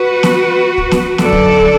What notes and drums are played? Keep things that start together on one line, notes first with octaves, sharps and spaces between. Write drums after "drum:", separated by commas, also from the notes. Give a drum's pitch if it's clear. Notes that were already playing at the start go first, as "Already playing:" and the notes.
Already playing: F#4 B4
drum: snare
drum: kick
drum: snare
F#2 D3 A4 D5, drum: snare
drum: kick
drum: kick